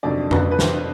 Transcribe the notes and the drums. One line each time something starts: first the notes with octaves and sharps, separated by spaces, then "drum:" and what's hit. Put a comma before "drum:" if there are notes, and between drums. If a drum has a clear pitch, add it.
G1 F2 C3 D#3 F#3 D4 D5
B4, drum: tom F2
B4
C5, drum: snare